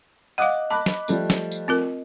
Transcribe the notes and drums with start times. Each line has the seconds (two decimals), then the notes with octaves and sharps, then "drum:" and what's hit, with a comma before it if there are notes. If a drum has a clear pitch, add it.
0.38 D#5 F5 F#5 D6 D#6 F#6
0.70 A5 B5 D6 F#6
0.86 drum: snare
1.08 F3 G3 A3, drum: tambourine
1.30 drum: snare
1.52 drum: tambourine
1.68 C4 F4 A#4